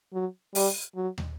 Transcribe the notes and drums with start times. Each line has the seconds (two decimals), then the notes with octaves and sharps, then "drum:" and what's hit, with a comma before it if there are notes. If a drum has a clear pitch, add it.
0.13 F#3
0.55 G3, drum: open hi-hat
0.96 F#3
1.18 drum: tom